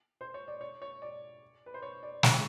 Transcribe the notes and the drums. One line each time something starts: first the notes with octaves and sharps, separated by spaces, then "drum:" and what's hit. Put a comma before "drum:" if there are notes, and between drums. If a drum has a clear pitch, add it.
C5
C#5
D5
C#5
C#5
D5
B4
C5
C#5
D5
C#5, drum: snare